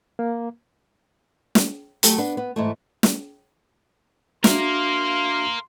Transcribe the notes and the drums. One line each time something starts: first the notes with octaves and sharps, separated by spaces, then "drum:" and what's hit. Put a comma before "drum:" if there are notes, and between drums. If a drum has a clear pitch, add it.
A#3
drum: snare
F#3 A3 G4 A4, drum: hi-hat
B3 D4
B3
G#2 E3 A3
drum: snare
D4 F#4 A#4 E5 F5 C6, drum: snare